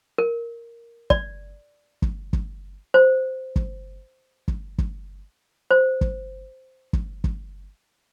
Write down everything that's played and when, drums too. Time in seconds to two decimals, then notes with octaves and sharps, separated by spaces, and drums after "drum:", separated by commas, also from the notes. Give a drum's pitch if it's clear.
0.18 A#4
1.10 D5, drum: kick
2.02 drum: kick
2.33 drum: kick
2.94 C5
3.56 drum: kick
4.48 drum: kick
4.78 drum: kick
5.71 C5
6.01 drum: kick
6.93 drum: kick
7.24 drum: kick